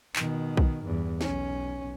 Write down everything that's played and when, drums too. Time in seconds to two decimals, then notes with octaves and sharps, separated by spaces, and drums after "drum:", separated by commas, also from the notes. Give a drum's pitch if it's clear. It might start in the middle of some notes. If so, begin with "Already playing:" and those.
0.16 B2 D#3, drum: clap
0.57 drum: kick B1
0.85 E2 G2
1.21 B1 C#4, drum: snare